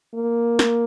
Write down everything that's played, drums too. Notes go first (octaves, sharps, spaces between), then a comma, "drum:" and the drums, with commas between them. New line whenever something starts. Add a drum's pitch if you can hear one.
A#3
drum: snare